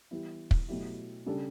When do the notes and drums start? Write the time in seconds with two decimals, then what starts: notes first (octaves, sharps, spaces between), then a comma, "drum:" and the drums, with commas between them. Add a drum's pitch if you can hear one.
0.11 E3 G3 B3 E4
0.51 drum: kick
0.68 B2 F#3 A3 E4 G4
1.26 C#3 G3 D4 A4